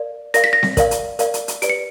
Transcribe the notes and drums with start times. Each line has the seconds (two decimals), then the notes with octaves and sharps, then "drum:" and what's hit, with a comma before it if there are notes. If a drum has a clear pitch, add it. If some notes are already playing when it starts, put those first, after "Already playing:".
Already playing: A#4 D5 F5
0.34 A#4 D5 F5 A#6, drum: hi-hat
0.44 B6
0.53 A#6
0.63 drum: snare C4
0.77 A#4 D5 F5, drum: kick, hi-hat
0.91 drum: hi-hat
1.19 A#4 D5 F5, drum: hi-hat
1.34 drum: hi-hat
1.48 drum: hi-hat
1.62 G4 B4 D5 D7, drum: hi-hat
1.70 C#7